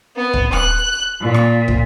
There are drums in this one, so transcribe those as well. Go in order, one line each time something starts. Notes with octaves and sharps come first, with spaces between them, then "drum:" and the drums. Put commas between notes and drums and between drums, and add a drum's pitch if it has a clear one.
B3
drum: kick
F#6, drum: rim click
A#2
drum: rim click
drum: kick